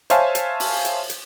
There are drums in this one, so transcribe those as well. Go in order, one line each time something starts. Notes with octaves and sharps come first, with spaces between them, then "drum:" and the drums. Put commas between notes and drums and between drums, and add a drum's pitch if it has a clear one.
C5 C#5 E5 F5 G#5 A5, drum: hi-hat
drum: hi-hat
drum: open hi-hat
drum: hi-hat
drum: hi-hat